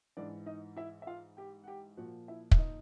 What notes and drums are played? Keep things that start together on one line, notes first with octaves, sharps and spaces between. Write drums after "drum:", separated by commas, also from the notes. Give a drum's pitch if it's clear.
G#2 E3 D4 D5
D#4 D#5
E4 E5
E5
F4 F5
G4 G5
F#5
G4 G5
A#2 F3 F#4 F#5
E4 E5
E5, drum: kick
D#4 D#5